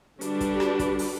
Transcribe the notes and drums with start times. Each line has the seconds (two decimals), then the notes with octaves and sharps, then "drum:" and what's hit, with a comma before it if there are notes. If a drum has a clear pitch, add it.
0.21 D3 G3 D4 F#4 G4 B4, drum: hi-hat
0.41 drum: kick, hi-hat
0.60 drum: rim click
0.79 drum: kick, hi-hat
0.99 drum: open hi-hat